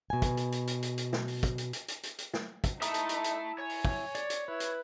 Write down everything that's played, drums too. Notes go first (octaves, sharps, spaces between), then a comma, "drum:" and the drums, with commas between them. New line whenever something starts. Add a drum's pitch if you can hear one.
B2 G#5
drum: kick, hi-hat
drum: hi-hat
drum: hi-hat
drum: hi-hat
drum: hi-hat
drum: hi-hat
drum: snare
drum: open hi-hat
drum: kick, hi-hat
drum: hi-hat
drum: hi-hat
drum: hi-hat
drum: hi-hat
drum: hi-hat
drum: snare
drum: kick, hi-hat
D#4 E4 E5 A5 A#5 D#6, drum: hi-hat
drum: hi-hat
drum: hi-hat
drum: hi-hat
C#5 G#5
drum: open hi-hat
drum: kick
D5, drum: hi-hat
drum: hi-hat
E4 B4
drum: hi-hat